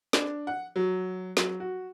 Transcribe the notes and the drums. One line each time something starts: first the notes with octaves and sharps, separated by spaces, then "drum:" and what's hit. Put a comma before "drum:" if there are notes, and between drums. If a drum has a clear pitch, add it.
D4, drum: snare
F#5
F#3
F#3, drum: snare
F#4